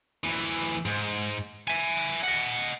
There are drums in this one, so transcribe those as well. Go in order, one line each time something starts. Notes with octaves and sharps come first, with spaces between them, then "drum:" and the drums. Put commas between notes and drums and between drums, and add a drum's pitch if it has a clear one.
D2 E3
G#2
E5 G#5
drum: cymbal
D#5 F#5, drum: cymbal